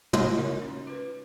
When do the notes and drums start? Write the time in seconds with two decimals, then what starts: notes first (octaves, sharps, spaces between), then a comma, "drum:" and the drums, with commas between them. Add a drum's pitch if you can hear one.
0.13 A#3 F#4, drum: tom
0.37 D#4 A#4 C#5
0.62 C#4
0.87 F4 B4